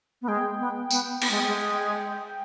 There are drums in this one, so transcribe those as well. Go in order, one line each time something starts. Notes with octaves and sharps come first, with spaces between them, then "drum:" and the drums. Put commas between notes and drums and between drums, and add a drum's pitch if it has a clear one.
B3
G#3 G5
B3
B3, drum: tambourine
B3 G5, drum: cymbal
G#3
G#3